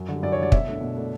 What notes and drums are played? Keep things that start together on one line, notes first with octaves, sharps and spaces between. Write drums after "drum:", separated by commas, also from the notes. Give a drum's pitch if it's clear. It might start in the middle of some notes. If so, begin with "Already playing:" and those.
Already playing: F#2
D3 G3
F#2 D5
C#5
D3 G3 D5
B2 E5, drum: kick
A3 D4
B2
A3 D4